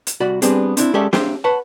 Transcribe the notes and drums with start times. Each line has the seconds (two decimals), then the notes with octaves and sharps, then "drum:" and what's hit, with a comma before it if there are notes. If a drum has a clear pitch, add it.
0.07 drum: hi-hat
0.20 C2 F#4 D5 B5
0.42 G3 B3 C4 D4 G4 G#4, drum: hi-hat
0.77 C4 D4 E4, drum: hi-hat
0.94 G#3 C#4 G4 A4 D5 E5
1.13 A#3 D4 G4 C5 E5 C6, drum: snare
1.44 B4 C#5 F#5 A5